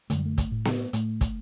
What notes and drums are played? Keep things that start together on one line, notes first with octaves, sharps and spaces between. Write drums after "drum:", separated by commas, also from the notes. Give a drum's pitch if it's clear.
F#2 D3 A3, drum: hi-hat
G3
A3
drum: kick, hi-hat
A2
drum: snare B3
A2 A3, drum: hi-hat
drum: kick, hi-hat